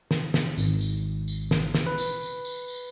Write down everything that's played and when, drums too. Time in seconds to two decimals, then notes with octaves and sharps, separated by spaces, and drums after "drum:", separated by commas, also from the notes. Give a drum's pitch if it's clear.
0.11 drum: snare
0.34 drum: snare
0.57 G#1, drum: tambourine
0.81 drum: tambourine
1.28 drum: tambourine
1.51 drum: snare
1.74 drum: snare
1.86 B4
1.98 drum: tambourine
2.21 drum: tambourine
2.45 drum: tambourine
2.68 drum: tambourine